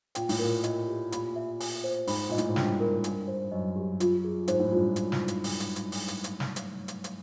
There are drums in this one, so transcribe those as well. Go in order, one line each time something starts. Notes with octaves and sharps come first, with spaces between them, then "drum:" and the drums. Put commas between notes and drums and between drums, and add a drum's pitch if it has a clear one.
A#2 G5, drum: hi-hat
A2, drum: open hi-hat
A#2 A#4
D#5, drum: hi-hat
G4
A#2 B5, drum: hi-hat
E5
G#5, drum: open hi-hat
C5
G#2 B5, drum: open hi-hat
A#2 D#5
A2, drum: hi-hat
G#2
G2 G5, drum: snare
A#4
G#5, drum: hi-hat
C5
F#2 D#5
G4
F4, drum: hi-hat
G#4
G#2 C5, drum: hi-hat
A2
G2 F4
drum: hi-hat
drum: snare
drum: hi-hat
drum: open hi-hat
drum: hi-hat
drum: hi-hat
drum: open hi-hat
drum: hi-hat
drum: hi-hat
drum: snare
drum: hi-hat
drum: hi-hat
drum: hi-hat